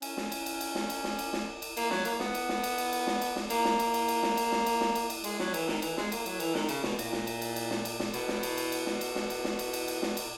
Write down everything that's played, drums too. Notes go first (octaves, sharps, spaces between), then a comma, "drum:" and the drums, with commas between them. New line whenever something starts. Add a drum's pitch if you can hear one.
C#4, drum: cymbal
drum: snare
drum: cymbal
drum: cymbal
drum: cymbal
drum: snare
drum: cymbal
drum: snare
drum: cymbal
drum: snare
drum: cymbal
A#3, drum: cymbal
F#3, drum: snare
A#3, drum: cymbal
B3, drum: snare
drum: cymbal
drum: snare
drum: cymbal
drum: cymbal
drum: cymbal
drum: snare
drum: cymbal
drum: snare
A#3, drum: cymbal
drum: snare
drum: cymbal
drum: cymbal
drum: cymbal
drum: snare
drum: cymbal
drum: snare
drum: cymbal
drum: snare
drum: cymbal
drum: cymbal
G#3, drum: cymbal
F#3, drum: snare
E3, drum: cymbal
D#3, drum: snare
E3, drum: cymbal
G#3, drum: snare
A#3, drum: cymbal
F#3, drum: cymbal
E3, drum: cymbal
D#3, drum: snare
C#3, drum: cymbal
B2, drum: snare
A#2, drum: cymbal
drum: snare
drum: cymbal
drum: cymbal
drum: cymbal
drum: snare
drum: cymbal
drum: snare
B2, drum: cymbal
drum: snare
drum: cymbal
drum: cymbal
drum: cymbal
drum: snare
drum: cymbal
drum: snare
drum: cymbal
drum: snare
drum: cymbal
drum: cymbal
drum: cymbal
drum: snare
drum: cymbal